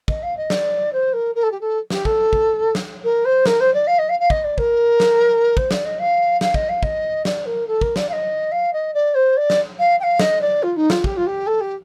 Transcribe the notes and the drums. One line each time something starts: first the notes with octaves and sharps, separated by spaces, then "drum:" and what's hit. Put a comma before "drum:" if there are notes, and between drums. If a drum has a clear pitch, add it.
D#5, drum: kick
F5
D#5
D5, drum: snare
C5
A#4
A#4
A4
G4
A4
G4, drum: snare
A4, drum: kick
drum: kick
drum: snare
A#4
C5
A#4, drum: snare
C5
D5
F5
D#5
F5
F5
D#5, drum: kick
D5
A#4, drum: kick
drum: snare
C5, drum: kick
D5, drum: snare
D#5
F5
F5, drum: snare
D#5, drum: kick
F5
D#5, drum: kick
D5, drum: snare
A#4
A4
A#4, drum: kick
D5, drum: snare
F5
D#5
F5
D#5
D5
C5
D5
drum: snare
F5
G5
F5
D#5, drum: snare
D5
F4
D#4
F4, drum: snare
G4, drum: kick
F4
G4
A4
G4